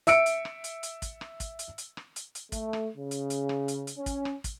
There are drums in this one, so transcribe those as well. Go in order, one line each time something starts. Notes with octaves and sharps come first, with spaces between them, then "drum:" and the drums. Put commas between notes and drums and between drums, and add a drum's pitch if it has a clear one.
E5 E6 C#7 D7, drum: hi-hat
drum: hi-hat
drum: rim click
drum: hi-hat
drum: hi-hat
drum: kick, hi-hat
drum: rim click
drum: kick, hi-hat
drum: hi-hat
drum: hi-hat
drum: rim click
drum: hi-hat
drum: hi-hat
A3, drum: kick, hi-hat
drum: rim click
C#3
drum: hi-hat
drum: hi-hat
drum: rim click
drum: hi-hat
drum: hi-hat
C#4
drum: kick, hi-hat
drum: rim click
drum: kick, hi-hat